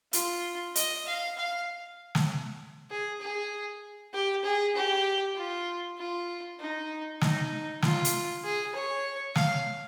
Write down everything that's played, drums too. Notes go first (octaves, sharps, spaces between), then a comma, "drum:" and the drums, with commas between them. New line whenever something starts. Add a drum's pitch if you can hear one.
F4, drum: hi-hat
D#5, drum: hi-hat
F5
F5
drum: snare
G#4
G#4
G4
G#4
G4
F4
F4
D#4
D#4, drum: snare
F4, drum: snare
drum: hi-hat
G#4
C#5
F5, drum: snare